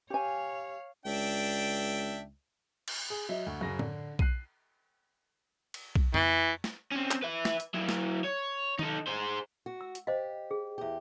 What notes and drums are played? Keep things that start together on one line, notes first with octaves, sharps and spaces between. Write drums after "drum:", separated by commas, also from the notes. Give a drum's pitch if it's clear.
G4 C#5 F5 G#5
C#2 D4 E5 G5
drum: cymbal
G#4
F#3 D#5 E5
D2
F#2 C#3 A#6
D3, drum: tom A2
F#6 C7 D#7, drum: kick B1
drum: cymbal
drum: kick B1
E3, drum: tom F2
drum: snare
C4 C#4
drum: clap
B4 E5
drum: snare
drum: hi-hat
F#3 E4
drum: snare
C#5
D#4 A4, drum: tom D#3
G#4 C5
F#4
E6
drum: hi-hat
G4 C5 D#5 F5
G#4
E2 G4